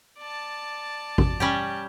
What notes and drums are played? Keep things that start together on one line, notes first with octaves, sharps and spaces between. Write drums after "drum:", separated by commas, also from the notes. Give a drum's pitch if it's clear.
D5 A5
drum: kick G#1
G3 C#4 G4